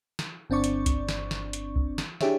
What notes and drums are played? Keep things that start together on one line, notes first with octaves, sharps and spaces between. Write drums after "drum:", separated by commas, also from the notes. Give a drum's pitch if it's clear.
drum: snare
G1 C4 D4 D5 C#6
drum: hi-hat
drum: kick C2, hi-hat
drum: snare
drum: snare
drum: hi-hat
drum: kick C2
drum: snare
D4 E4 G4 G#4 C#5 E5, drum: snare